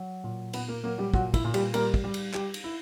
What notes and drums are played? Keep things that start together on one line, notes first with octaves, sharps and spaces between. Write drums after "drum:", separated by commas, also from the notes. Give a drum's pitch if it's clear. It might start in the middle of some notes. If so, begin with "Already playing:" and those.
Already playing: F#3
A#2
A#2 B3 B4, drum: cymbal
A#3 A#4
F#3 A#3 A#4
G3 G4
A#2 F#3 F#4, drum: kick
E4, drum: kick, cymbal
A#2
G3 G4, drum: cymbal
G3 A#3 A#4, drum: cymbal
drum: kick
G3
drum: cymbal
G3 G4, drum: clap
drum: cymbal
E4